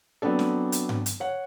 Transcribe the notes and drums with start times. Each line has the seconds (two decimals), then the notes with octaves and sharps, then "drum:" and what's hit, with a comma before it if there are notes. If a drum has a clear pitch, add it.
0.22 F#3 B3 C4 D4 A4
0.39 drum: snare
0.72 drum: hi-hat
0.89 drum: tom G#2
1.06 drum: hi-hat
1.20 C#5 F#5